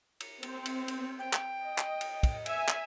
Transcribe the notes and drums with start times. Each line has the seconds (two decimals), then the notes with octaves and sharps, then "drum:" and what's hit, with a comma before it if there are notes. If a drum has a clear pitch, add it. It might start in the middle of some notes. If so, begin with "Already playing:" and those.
0.20 drum: cymbal
0.43 C4, drum: cymbal
0.66 drum: cymbal
0.88 drum: cymbal
1.19 G5
1.33 drum: clap
1.63 D#5
1.78 drum: clap
2.01 drum: cymbal
2.23 drum: kick, cymbal
2.46 E5 G#5, drum: cymbal
2.68 drum: clap